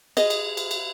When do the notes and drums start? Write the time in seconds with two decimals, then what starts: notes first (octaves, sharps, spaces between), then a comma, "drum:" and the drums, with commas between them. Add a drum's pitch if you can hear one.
0.17 G#4 D#5, drum: cymbal
0.30 drum: cymbal
0.57 drum: cymbal
0.71 drum: cymbal